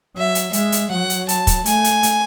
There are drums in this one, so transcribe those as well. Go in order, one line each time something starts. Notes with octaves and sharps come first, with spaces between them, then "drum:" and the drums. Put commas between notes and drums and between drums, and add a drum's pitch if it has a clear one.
F#3 E5
drum: hi-hat
G#3 E5, drum: hi-hat
drum: hi-hat
F#3 F#5
drum: hi-hat
A5, drum: hi-hat
drum: kick, hi-hat
A3 G#5, drum: hi-hat
drum: hi-hat
drum: hi-hat